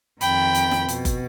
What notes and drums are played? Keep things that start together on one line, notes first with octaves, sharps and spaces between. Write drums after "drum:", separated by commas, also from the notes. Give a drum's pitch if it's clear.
F2 D#3 G5 B5, drum: hi-hat
drum: hi-hat
drum: snare
B2, drum: hi-hat
drum: kick F#1, hi-hat